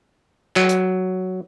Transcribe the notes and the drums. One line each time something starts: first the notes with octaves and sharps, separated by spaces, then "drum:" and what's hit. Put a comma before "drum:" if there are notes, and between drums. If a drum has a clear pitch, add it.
F#3, drum: clap
drum: hi-hat